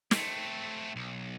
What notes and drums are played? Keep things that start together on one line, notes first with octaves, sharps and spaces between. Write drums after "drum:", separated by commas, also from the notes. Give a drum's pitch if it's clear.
A3 C4, drum: snare
B1